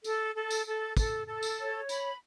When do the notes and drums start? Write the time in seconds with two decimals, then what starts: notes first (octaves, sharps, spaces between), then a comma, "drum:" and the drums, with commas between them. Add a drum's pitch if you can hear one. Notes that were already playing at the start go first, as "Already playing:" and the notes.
0.04 A4, drum: tambourine
0.35 A4
0.50 drum: tambourine
0.66 A4
0.97 A4, drum: kick, tambourine
1.27 A4
1.43 drum: tambourine
1.58 C#5
1.89 B5, drum: tambourine